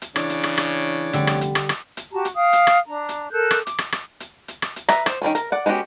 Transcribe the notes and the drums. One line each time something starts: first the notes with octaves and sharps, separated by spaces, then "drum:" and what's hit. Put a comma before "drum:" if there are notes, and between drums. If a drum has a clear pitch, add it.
drum: hi-hat
C#3 E3 D4 C#5 D6, drum: rim click
drum: hi-hat
drum: rim click
drum: rim click
F1 D3 G3 D5, drum: hi-hat
drum: rim click
drum: hi-hat
drum: rim click
drum: rim click
drum: hi-hat
F#4 G4 A5 A#5
drum: hi-hat
F5 G5 D#6
drum: hi-hat
drum: rim click
D4 A#5
drum: hi-hat
A4 A#4 F#6 G6
drum: rim click
D6, drum: hi-hat
drum: rim click
drum: rim click
drum: hi-hat
drum: hi-hat
drum: rim click
drum: hi-hat
B4 E5 A#5, drum: rim click
C5, drum: rim click
D#3 F#3 G3 C#4
A#4, drum: hi-hat
D5 F#5
G#3 B3 C#4 F#4 G4